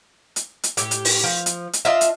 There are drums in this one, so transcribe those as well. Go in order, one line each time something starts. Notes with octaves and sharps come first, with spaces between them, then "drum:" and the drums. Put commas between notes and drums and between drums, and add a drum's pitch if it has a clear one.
drum: hi-hat
drum: hi-hat
A2 G4, drum: hi-hat
drum: hi-hat
drum: open hi-hat
F3
drum: hi-hat
drum: hi-hat
D4 F4 D#5 E5
drum: hi-hat